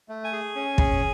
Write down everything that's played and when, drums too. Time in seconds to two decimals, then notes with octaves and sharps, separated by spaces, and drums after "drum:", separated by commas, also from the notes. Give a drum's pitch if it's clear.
0.09 A3
0.24 G#5
0.32 G#4
0.55 C#4
0.78 G#4, drum: kick